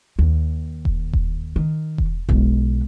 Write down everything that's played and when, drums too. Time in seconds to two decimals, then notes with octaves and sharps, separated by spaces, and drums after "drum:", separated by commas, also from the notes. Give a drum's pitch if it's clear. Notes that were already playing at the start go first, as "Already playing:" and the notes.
0.19 D#2
0.85 drum: kick E1
1.13 drum: kick E1
1.56 D#3
1.98 drum: kick E1
2.29 B1 G#3, drum: kick E1